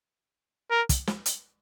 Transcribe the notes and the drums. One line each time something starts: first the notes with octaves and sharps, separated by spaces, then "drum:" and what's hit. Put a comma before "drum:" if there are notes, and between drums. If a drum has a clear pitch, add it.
A#4
drum: kick, hi-hat
drum: snare
drum: hi-hat